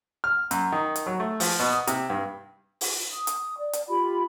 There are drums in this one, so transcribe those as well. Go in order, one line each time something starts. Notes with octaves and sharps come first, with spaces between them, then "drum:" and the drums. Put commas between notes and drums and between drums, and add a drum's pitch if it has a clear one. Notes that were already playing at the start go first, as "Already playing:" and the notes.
F6
F#2, drum: hi-hat
D#3
drum: hi-hat
F#3
A3
F3, drum: open hi-hat
B2
D#6
C3, drum: hi-hat
G2
drum: open hi-hat
D#6
drum: hi-hat
D5
drum: hi-hat
F4 G4 B5